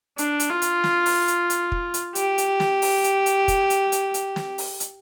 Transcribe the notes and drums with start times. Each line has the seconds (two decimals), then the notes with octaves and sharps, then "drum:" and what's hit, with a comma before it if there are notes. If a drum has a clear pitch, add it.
0.18 D4, drum: hi-hat
0.40 drum: hi-hat
0.50 F4
0.62 drum: hi-hat
0.84 drum: snare
1.06 drum: open hi-hat
1.28 drum: hi-hat
1.50 drum: hi-hat
1.72 drum: kick
1.94 drum: hi-hat
2.15 G4, drum: hi-hat
2.38 drum: hi-hat
2.60 drum: snare
2.82 drum: open hi-hat
3.04 drum: hi-hat
3.26 drum: hi-hat
3.48 drum: kick, hi-hat
3.70 drum: hi-hat
3.92 drum: hi-hat
4.14 drum: hi-hat
4.36 drum: snare
4.58 drum: open hi-hat
4.80 drum: hi-hat